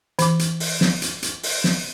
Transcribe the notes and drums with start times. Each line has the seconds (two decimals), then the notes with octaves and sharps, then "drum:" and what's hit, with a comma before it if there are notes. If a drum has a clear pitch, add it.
0.19 E3 D6, drum: hi-hat
0.39 drum: hi-hat
0.60 drum: open hi-hat
0.81 drum: snare
1.02 drum: hi-hat
1.23 drum: hi-hat
1.43 drum: open hi-hat
1.64 drum: snare